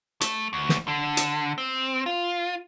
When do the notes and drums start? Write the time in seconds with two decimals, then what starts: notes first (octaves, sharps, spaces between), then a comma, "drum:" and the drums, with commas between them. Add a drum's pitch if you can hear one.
0.21 A3, drum: hi-hat
0.53 D2
0.69 drum: snare
0.88 D3
1.17 drum: hi-hat
1.58 C4
2.06 F4